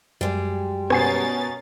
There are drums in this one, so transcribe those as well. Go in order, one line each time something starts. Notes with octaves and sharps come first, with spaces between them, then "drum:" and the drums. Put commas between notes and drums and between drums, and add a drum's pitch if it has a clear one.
F#2 G3 G#3
B2 C#4 A#4 G#5 A6 C7, drum: rim click